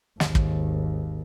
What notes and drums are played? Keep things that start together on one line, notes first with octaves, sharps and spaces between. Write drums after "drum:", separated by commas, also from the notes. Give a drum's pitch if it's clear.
G#1 D#2, drum: snare
drum: kick